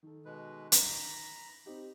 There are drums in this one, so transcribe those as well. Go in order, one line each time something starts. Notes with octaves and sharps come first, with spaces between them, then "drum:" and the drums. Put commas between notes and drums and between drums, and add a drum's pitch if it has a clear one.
D#3 A4
B2 G#3 B4
A#5 B5, drum: hi-hat
C4 D#4 G4